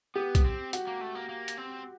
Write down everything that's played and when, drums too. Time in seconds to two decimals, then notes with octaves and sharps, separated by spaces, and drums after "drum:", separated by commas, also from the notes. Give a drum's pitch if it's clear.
0.15 B3 G4
0.35 drum: kick, hi-hat
0.45 C4
0.73 F#4, drum: hi-hat
0.87 A#3
1.01 A3
1.15 A#3
1.29 A#3
1.48 drum: hi-hat
1.57 C4